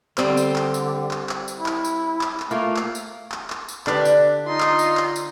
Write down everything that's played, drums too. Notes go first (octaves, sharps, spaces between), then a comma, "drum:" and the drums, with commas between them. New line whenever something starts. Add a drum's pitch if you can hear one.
D3 G3 C4 C5, drum: clap
drum: tambourine
drum: clap
drum: tambourine
drum: clap
drum: clap
drum: tambourine
E4
drum: clap
drum: tambourine
drum: clap
drum: clap
A3 A#3 F4
drum: clap
drum: tambourine
drum: clap
drum: clap
drum: tambourine
D3 D4 G4 B4, drum: clap
drum: tambourine
D#4 F4 C6
drum: clap
drum: tambourine
drum: clap
drum: tambourine